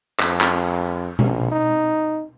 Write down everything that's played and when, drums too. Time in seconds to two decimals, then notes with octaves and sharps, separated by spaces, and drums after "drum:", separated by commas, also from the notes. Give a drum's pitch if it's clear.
0.20 F2, drum: clap
0.41 drum: clap
1.19 A#1, drum: tom B2
1.52 D#4